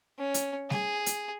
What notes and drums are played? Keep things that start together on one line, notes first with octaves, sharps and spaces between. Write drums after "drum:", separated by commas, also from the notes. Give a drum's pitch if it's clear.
C#4
drum: hi-hat
G#4, drum: snare G3
drum: hi-hat